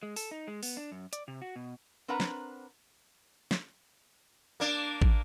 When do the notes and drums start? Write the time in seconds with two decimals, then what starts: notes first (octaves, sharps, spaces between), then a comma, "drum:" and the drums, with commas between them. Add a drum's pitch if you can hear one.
0.03 G#3
0.16 A4, drum: open hi-hat
0.31 D#4
0.48 G#3
0.63 B3, drum: open hi-hat
0.77 D4
0.92 F#2
1.13 D5, drum: hi-hat
1.28 C3
1.42 F#4
1.56 B2
2.08 C4 D4 A#4 B4 F#5 A#5
2.20 drum: snare
3.51 drum: snare
4.60 A#3 D4
5.02 drum: kick